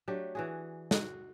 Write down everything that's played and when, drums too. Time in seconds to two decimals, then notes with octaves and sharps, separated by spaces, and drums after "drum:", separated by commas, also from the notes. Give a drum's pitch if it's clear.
0.08 F#3 A3 D4 G4
0.35 E3 F#4 G#4
0.91 F#4, drum: snare